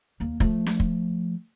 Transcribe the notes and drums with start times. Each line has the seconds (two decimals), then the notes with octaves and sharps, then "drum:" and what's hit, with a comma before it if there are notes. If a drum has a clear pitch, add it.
0.20 D#2 A#3
0.40 F3 A3, drum: kick
0.67 drum: snare
0.80 drum: kick